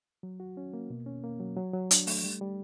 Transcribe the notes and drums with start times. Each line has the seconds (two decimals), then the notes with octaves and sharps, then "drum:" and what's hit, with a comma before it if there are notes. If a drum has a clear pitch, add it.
0.23 F#3
0.40 F#4
0.57 C#4
0.73 A#3
0.90 B2
1.06 C#4
1.24 A#3
1.40 F#3
1.57 F#3
1.73 F#3
1.91 D4, drum: hi-hat
2.07 A3, drum: open hi-hat
2.24 G3
2.41 G3